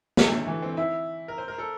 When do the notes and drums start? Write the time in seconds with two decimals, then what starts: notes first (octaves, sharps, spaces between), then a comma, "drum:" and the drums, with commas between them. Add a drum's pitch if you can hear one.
0.17 A3, drum: snare
0.32 D3
0.47 E3
0.62 C4
0.77 E4
1.28 A#4
1.38 C5
1.48 A#4
1.58 A4